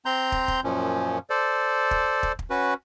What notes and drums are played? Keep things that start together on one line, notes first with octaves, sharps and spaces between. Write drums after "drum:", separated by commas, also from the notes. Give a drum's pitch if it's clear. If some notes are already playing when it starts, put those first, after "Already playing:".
C4 A#5 C6 G6
drum: kick
drum: kick
F#2 A#2 F3 C#4
A4 C5 D5
drum: kick
drum: kick
drum: kick
C#4 F#4 B4